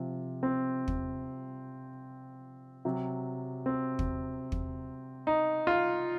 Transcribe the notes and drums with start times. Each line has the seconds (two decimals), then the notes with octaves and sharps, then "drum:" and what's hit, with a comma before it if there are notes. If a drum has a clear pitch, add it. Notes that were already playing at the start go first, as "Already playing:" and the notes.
Already playing: C3 F3
0.43 C4
0.88 drum: kick
2.85 C3 F#3
3.66 C4
3.99 drum: kick
4.52 drum: kick
5.27 D#4
5.67 F4